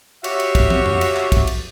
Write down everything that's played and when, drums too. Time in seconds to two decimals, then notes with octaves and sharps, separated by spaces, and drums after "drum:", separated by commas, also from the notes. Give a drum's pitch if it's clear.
0.24 F#4 G4 C#5 E5 F5, drum: cymbal
0.40 drum: cymbal
0.55 drum: kick, cymbal
0.70 drum: tom
0.86 drum: tom F2
1.01 drum: cymbal
1.17 drum: clap
1.32 drum: kick, cymbal
1.47 drum: cymbal